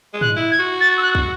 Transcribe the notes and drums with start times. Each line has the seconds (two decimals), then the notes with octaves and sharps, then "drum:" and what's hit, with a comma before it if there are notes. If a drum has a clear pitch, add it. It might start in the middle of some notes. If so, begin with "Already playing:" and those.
0.14 G#3
0.21 F#6, drum: tom G#2
0.36 E4
0.51 G#6
0.59 F#4
0.81 A6
0.98 E6
1.03 F#6
1.15 drum: kick